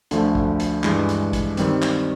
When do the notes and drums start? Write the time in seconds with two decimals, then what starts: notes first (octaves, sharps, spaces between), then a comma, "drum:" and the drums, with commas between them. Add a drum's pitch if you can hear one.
0.11 D2 D3 F3 A3, drum: hi-hat
0.35 drum: kick
0.60 drum: hi-hat
0.84 G2 E3 G#3, drum: clap
1.09 drum: hi-hat
1.33 drum: kick, hi-hat
1.57 D#3 G3 C4, drum: hi-hat
1.82 drum: clap